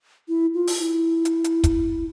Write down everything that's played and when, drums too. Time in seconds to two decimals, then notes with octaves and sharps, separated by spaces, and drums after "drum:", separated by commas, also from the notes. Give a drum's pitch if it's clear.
0.28 E4
0.54 F4
0.67 drum: open hi-hat
0.80 E4
1.25 drum: hi-hat
1.44 drum: hi-hat
1.64 drum: kick, hi-hat